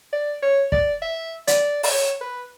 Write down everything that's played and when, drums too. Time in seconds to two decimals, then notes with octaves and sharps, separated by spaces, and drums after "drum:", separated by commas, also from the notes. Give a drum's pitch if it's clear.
0.13 D5
0.43 C#5
0.72 D5, drum: kick
1.02 E5
1.47 D5, drum: hi-hat
1.83 D5, drum: open hi-hat
1.91 C#5
2.21 B4